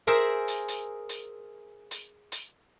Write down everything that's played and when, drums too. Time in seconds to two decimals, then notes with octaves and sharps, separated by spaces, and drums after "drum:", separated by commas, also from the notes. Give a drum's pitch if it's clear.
0.07 G#4 A#4 C5 E5
0.48 drum: hi-hat
0.68 drum: hi-hat
1.09 drum: hi-hat
1.91 drum: hi-hat
2.32 drum: hi-hat